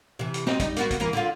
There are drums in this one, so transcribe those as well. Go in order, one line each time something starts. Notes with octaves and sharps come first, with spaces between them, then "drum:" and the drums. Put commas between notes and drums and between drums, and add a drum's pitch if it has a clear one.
C3 E3
drum: hi-hat
C4 D#4, drum: snare
G3 D#4, drum: kick, hi-hat
A#3 B3 F#4, drum: hi-hat
drum: kick, hi-hat
E3 A#3 A#4
D3 F4